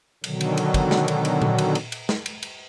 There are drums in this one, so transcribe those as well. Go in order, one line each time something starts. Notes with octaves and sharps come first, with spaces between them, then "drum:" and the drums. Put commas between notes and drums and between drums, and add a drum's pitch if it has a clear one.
B2 D3 D#3 F#3, drum: cymbal
drum: cymbal
drum: cymbal
drum: kick, cymbal
drum: snare
drum: cymbal
drum: cymbal
drum: tom A#2
drum: cymbal
drum: cymbal
drum: cymbal
drum: snare
drum: cymbal
drum: cymbal